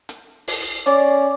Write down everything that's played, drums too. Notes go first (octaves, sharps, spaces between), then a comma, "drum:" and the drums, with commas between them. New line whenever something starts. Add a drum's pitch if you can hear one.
drum: hi-hat
drum: open hi-hat
C#4 D5, drum: hi-hat